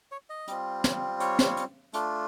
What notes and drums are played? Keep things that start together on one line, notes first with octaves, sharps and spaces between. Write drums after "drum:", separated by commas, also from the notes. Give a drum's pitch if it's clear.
C#5
D#5
G3 C4 F4, drum: hi-hat
drum: snare
C#5, drum: hi-hat
drum: snare
drum: hi-hat
A3 D4 F4, drum: hi-hat